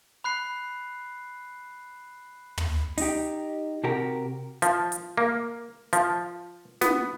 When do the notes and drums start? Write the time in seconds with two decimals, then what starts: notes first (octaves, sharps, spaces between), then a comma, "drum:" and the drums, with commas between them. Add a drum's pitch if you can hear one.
0.24 B5 F#6 C7
2.58 drum: tom
2.98 D#4 G4, drum: open hi-hat
3.84 C3 F#4 G4 A#4
4.62 F3, drum: hi-hat
4.92 drum: hi-hat
5.18 A#3
5.93 F3, drum: hi-hat
6.81 B3, drum: snare